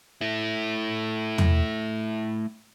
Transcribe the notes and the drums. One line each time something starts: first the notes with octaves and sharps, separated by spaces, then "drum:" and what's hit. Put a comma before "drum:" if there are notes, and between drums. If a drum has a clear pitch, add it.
A3 E4
drum: tom